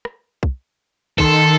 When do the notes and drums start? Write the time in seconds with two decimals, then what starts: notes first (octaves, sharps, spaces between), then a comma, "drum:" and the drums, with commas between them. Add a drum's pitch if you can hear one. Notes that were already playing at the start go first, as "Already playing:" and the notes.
0.05 drum: rim click
0.43 drum: kick
1.18 D#3 A4 C6 C7, drum: kick